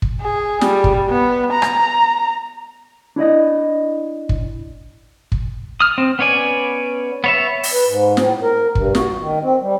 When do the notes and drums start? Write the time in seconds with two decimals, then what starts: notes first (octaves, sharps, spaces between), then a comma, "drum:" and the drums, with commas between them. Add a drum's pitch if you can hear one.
0.02 drum: kick
0.21 G#4
0.61 G3, drum: snare
0.84 drum: kick
1.09 B3
1.52 A#5
1.62 drum: rim click
3.16 D4 E4 D5 D#5
4.29 drum: kick
5.32 drum: kick
5.80 D#6 F6
5.98 C4
6.19 B3 C#4 C#5 D5 G#5
7.24 B3 C#5 E5
7.63 drum: open hi-hat
7.73 B4
7.86 G#2
8.17 A2, drum: snare
8.42 A#4
8.75 G2, drum: kick
8.95 F#4, drum: snare
9.19 D#3
9.41 C4
9.62 G3